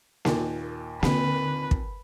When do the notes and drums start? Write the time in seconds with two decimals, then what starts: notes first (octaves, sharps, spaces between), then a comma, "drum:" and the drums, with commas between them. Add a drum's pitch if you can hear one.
0.25 D#2 A#2, drum: snare A#3
1.03 D3 C4 B4, drum: snare A#3
1.71 drum: kick